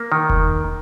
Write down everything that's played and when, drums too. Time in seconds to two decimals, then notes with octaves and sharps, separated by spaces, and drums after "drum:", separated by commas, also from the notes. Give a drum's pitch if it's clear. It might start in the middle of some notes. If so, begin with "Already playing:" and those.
Already playing: A#3
0.12 D#3
0.30 drum: kick E1